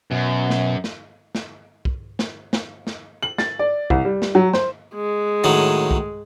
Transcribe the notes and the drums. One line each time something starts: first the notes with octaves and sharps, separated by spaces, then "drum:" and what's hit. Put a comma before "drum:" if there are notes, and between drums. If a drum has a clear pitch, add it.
F#2 B2
drum: snare
drum: snare
drum: snare
drum: kick
drum: snare
drum: snare
drum: snare
F#7
A6, drum: snare
D5
C2, drum: kick
G3
drum: snare
F#3
C5, drum: snare
G#3
A2 D#3 F#3
drum: kick